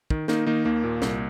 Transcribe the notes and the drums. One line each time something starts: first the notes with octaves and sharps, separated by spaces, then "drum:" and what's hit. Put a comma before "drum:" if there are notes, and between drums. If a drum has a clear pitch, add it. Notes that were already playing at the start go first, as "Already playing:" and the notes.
D#3, drum: kick
D#3 A#3 D#4, drum: snare
D#3 A#3 D#4
D#2 A#3
A#2
C2, drum: snare